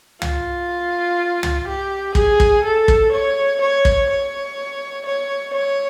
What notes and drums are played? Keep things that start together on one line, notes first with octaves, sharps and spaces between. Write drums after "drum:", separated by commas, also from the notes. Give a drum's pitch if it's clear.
F4, drum: tom
drum: tom
G4
G#4, drum: kick
drum: kick
A4
drum: kick
C#5
C#5
drum: kick
C#5
C#5
C#5